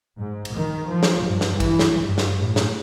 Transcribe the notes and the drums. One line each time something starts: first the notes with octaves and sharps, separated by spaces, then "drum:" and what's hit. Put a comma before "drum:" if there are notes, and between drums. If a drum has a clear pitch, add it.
G#2
drum: cymbal
D#3
F3
drum: snare
G2
drum: snare
E3, drum: kick, cymbal
drum: snare
G2
drum: snare
A2
drum: snare